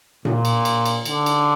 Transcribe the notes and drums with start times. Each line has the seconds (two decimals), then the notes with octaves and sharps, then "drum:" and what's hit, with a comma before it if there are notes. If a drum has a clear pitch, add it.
0.25 A#2, drum: tom A#2
0.45 drum: cymbal
0.65 drum: cymbal
0.86 drum: cymbal
1.05 D3, drum: cymbal
1.26 drum: cymbal